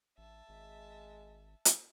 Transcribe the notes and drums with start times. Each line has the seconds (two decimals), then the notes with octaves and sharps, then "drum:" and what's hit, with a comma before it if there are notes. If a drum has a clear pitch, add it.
0.18 A1 E5 A5
0.49 G#1 G#3
1.65 drum: hi-hat